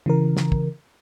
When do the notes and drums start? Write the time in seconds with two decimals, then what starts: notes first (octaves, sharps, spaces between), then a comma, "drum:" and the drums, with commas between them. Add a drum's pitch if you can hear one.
0.06 C#3 E3 A#4
0.37 drum: snare
0.52 drum: kick